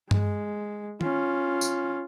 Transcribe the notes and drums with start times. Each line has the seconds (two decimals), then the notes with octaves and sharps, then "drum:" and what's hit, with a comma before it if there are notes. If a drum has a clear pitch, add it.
0.11 G#3, drum: tom G2
1.01 C#4 F4, drum: tom D#3
1.61 drum: tambourine